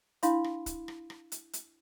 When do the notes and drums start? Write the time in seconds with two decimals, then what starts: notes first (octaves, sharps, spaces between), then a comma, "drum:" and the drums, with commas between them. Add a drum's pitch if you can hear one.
0.23 D4 E4 F5 B5 C6, drum: hi-hat
0.44 drum: rim click
0.66 drum: kick, hi-hat
0.88 drum: rim click
1.10 drum: rim click
1.32 drum: hi-hat
1.53 drum: hi-hat